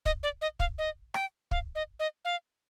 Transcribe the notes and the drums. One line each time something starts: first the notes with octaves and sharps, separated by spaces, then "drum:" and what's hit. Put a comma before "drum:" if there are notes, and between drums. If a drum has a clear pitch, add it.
D#5, drum: kick
D5
D#5
F5, drum: kick
D#5
G5, drum: rim click
F5, drum: kick
D#5
D#5
F5